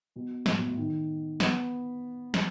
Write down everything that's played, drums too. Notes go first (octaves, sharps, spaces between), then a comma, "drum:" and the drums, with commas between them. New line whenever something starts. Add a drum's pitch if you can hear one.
B2
A2, drum: snare
B2
A2
D#3
B3, drum: snare
drum: snare